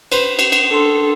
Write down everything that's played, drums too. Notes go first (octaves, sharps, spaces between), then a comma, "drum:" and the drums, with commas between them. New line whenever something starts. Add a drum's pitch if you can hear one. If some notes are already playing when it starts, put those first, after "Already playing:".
B4 C5, drum: cymbal
drum: cymbal
drum: cymbal
D4 A4 C6